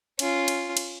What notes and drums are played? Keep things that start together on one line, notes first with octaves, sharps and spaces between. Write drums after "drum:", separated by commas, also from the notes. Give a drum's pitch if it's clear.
C#4 F4, drum: cymbal
drum: cymbal
drum: cymbal